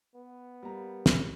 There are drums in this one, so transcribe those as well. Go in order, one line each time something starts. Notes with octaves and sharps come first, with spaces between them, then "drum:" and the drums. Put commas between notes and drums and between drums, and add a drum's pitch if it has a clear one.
B3
G3 A#3 A#5
drum: snare